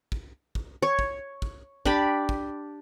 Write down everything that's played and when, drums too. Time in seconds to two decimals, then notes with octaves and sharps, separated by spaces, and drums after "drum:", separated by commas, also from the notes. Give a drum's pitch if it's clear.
0.12 drum: kick
0.55 drum: kick
0.82 C#5
0.99 drum: kick
1.42 drum: kick
1.85 D4 G4 D5 B5, drum: kick
2.29 drum: kick